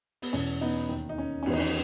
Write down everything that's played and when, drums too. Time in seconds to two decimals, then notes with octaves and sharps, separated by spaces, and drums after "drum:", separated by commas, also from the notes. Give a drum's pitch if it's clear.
0.22 B3, drum: open hi-hat
0.33 E2 B2 C#4
0.61 B3 D#4
0.89 D#2 D#3
1.09 D#4
1.18 C#4
1.43 C#4
1.46 E2 D#3 B3, drum: cymbal
1.53 D#4
1.60 C#4